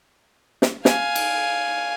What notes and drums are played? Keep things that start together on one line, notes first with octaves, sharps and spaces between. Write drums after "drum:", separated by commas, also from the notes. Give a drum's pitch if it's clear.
drum: snare
F5 G#5, drum: snare
drum: cymbal